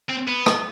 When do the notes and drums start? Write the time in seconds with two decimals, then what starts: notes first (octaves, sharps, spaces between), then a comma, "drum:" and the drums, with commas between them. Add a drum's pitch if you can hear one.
0.10 C4
0.28 B3
0.46 drum: rim click